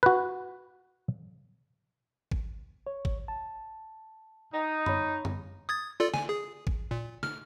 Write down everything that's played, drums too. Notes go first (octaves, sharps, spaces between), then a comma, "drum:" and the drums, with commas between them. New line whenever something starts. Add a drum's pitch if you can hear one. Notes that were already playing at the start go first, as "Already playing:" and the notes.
F#4 B4
drum: kick
C#5
drum: kick
A5
D#4
C#5 B5, drum: tom F#2
drum: tom F#2
D#6 G#6 A6
F4 A4 D5
G#5, drum: snare
G#4
drum: kick
A#2
F6, drum: snare